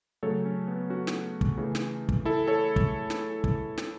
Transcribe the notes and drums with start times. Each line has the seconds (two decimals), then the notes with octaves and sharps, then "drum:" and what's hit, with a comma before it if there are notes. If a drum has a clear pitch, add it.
0.23 C#3 F#3 A3 A4 C#5
0.45 C#4
0.68 B3
0.90 C#4 F#4
1.07 drum: snare
1.41 drum: kick
1.57 C#3 E3 A3
1.75 drum: snare
2.09 drum: kick
2.25 E4 A4
2.47 A4 C#5
2.76 drum: kick
3.10 drum: snare
3.44 drum: kick
3.78 drum: snare